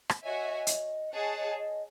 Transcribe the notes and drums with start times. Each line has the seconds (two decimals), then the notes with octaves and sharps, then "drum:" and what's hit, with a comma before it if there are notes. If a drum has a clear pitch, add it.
0.10 drum: rim click
0.24 F#4 C#5 D#5 E5 G#5
0.67 drum: hi-hat
1.13 G#4 C#5 D#5 F#5 A5
1.36 D#5
1.58 D#5